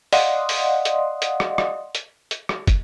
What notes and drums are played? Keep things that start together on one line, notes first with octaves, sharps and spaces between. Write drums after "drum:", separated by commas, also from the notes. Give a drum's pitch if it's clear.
D5 D#5 F5 F#5 C6 D#6, drum: open hi-hat
drum: open hi-hat
drum: hi-hat
drum: hi-hat
drum: rim click
drum: rim click
drum: hi-hat
drum: hi-hat
drum: rim click
drum: kick, hi-hat